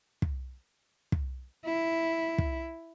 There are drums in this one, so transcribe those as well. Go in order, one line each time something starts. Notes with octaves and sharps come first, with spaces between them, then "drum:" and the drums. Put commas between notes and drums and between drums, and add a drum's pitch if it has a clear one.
drum: kick
drum: kick
E4
drum: kick